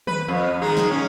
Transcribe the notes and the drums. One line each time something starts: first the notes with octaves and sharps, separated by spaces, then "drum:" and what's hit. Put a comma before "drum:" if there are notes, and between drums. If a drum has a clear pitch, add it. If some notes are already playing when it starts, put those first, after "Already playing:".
B4, drum: tom D#3
F2
D#3 G#3 D#4
drum: snare
C#4